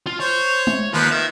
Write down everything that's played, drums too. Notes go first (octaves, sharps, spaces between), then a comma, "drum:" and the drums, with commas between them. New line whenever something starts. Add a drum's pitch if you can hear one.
F4
C5 C#5
drum: tom G#3
D#2 F3 B4 F5
D#3 E5